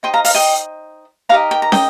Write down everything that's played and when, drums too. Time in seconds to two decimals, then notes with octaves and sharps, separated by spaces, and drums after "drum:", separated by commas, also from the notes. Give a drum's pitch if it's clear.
0.03 D#4 C5 D#5 G5 C6
0.14 F5 A#5
0.25 F5 A#5, drum: open hi-hat
0.34 D#5 G5
1.29 D#4 G4 A#4 D#5 F5 A#5
1.51 G5
1.62 A#5
1.72 D#5 G5, drum: snare